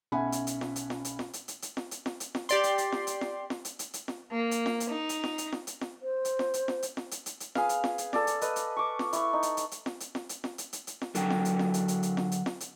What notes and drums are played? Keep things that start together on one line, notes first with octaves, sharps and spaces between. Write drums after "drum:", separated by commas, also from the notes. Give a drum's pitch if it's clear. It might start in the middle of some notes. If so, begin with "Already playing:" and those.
B1 C#4 E5 F#5 G#5 B5
drum: hi-hat
drum: hi-hat
drum: snare F4
drum: hi-hat
drum: snare F4
drum: hi-hat
drum: snare F4
drum: hi-hat
drum: hi-hat
drum: hi-hat
drum: snare F4
drum: hi-hat
drum: snare F4
drum: hi-hat
drum: snare F4
G4 D5 C6, drum: hi-hat
drum: hi-hat
drum: hi-hat
drum: snare F4
drum: hi-hat
drum: snare F4
drum: snare F4
drum: hi-hat
drum: hi-hat
drum: hi-hat
drum: snare F4
A#3
drum: hi-hat
drum: snare F4
drum: hi-hat
D#4
drum: hi-hat
drum: snare F4
drum: hi-hat
drum: snare F4
drum: hi-hat
drum: snare F4
C5
drum: hi-hat
drum: snare F4
drum: hi-hat
drum: snare F4
drum: hi-hat
drum: snare F4
drum: hi-hat
drum: hi-hat
drum: hi-hat
G#4 B4 F5, drum: snare F4
drum: hi-hat
drum: snare F4
drum: hi-hat
A4 D5, drum: snare F4
drum: hi-hat
B4 D#5, drum: hi-hat
drum: hi-hat
C#6 D6
drum: snare F4
E4 C#6, drum: hi-hat
D#4
drum: hi-hat
drum: hi-hat
drum: hi-hat
drum: snare F4
drum: hi-hat
drum: snare F4
drum: hi-hat
drum: snare F4
drum: hi-hat
drum: hi-hat
drum: hi-hat
drum: snare F4
D3 F#3 D4 F#4 A#4 G5, drum: hi-hat
drum: snare F4
drum: hi-hat
drum: snare F4
drum: hi-hat
drum: hi-hat
drum: hi-hat
drum: snare F4
drum: hi-hat
drum: snare F4
drum: hi-hat